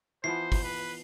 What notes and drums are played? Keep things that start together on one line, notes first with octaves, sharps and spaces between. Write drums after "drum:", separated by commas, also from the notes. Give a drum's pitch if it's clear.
E3 F3 B3 C5 C7
drum: kick G1, open hi-hat
B4